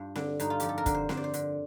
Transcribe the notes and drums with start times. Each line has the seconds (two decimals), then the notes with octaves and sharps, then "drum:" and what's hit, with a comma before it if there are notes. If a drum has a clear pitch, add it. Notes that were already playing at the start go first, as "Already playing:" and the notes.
Already playing: G2 F4
0.16 D3, drum: snare C4
0.40 G2 D#4, drum: hi-hat
0.50 F4
0.60 F2 G4, drum: hi-hat
0.69 A4
0.78 A#4
0.86 D3, drum: kick, hi-hat
0.94 C5
1.09 D3 C5, drum: snare C4
1.17 D5
1.24 C5
1.34 D3, drum: hi-hat